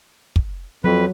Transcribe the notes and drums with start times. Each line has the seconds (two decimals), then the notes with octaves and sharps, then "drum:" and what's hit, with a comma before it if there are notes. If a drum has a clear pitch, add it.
0.36 drum: kick
0.84 F2 F#3 B4